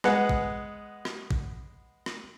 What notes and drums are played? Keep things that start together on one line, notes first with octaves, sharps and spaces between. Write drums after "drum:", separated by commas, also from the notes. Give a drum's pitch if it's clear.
G#3 B3 F#5, drum: rim click
drum: kick A1
drum: rim click
drum: kick A1
drum: rim click